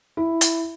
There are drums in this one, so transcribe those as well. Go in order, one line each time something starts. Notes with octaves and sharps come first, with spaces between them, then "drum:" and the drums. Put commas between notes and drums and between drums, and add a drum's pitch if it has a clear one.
E4
drum: hi-hat